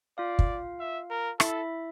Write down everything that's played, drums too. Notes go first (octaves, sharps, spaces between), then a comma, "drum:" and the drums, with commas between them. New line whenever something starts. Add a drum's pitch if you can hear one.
F4 D5 F5
drum: kick
E5
A#4
E4 A4 E5, drum: rim click